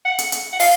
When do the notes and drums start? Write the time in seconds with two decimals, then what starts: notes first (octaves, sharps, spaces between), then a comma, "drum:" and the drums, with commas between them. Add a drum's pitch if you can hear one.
0.05 F#5
0.19 drum: hi-hat
0.32 drum: hi-hat
0.53 F#5
0.60 F5, drum: open hi-hat